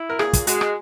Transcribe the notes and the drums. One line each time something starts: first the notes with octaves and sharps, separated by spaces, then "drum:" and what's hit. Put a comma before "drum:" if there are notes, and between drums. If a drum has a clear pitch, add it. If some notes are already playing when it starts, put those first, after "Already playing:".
Already playing: E4
A#4
A#2 G#4, drum: rim click
drum: kick, hi-hat
G#3 F#4, drum: hi-hat
drum: rim click